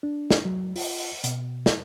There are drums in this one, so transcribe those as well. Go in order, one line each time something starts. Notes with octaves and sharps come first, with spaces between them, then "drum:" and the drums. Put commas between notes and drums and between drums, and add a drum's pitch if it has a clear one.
D4
drum: snare
F#3
F4, drum: open hi-hat
drum: open hi-hat
B2, drum: hi-hat
drum: snare